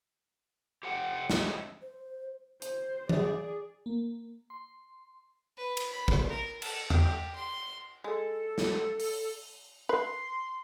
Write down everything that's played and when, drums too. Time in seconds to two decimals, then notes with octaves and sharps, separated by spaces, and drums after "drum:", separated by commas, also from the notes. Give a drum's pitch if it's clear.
0.83 G4 C5 F#5 G5
1.30 E3 C4 C#5 D#5 E5, drum: snare
1.82 C5
2.62 C5, drum: hi-hat
3.09 G#4 D5, drum: tom E3
3.86 A#3
4.50 C6
5.57 B4
5.77 drum: cymbal
5.91 B5
6.08 drum: kick A1
6.30 A#4
6.62 A4, drum: cymbal
6.90 G4, drum: tom E2
7.36 C6
8.04 G#3 A4
8.58 drum: snare
9.00 drum: open hi-hat
9.89 B4 C6